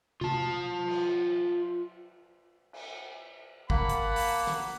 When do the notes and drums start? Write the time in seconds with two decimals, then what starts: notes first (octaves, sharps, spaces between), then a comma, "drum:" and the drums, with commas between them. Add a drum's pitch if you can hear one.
0.21 F4 A5, drum: tom C3
0.87 drum: cymbal
2.73 drum: cymbal
3.70 A#3 F#5 A5 B5, drum: kick
3.89 drum: hi-hat
4.16 drum: open hi-hat
4.47 drum: rim click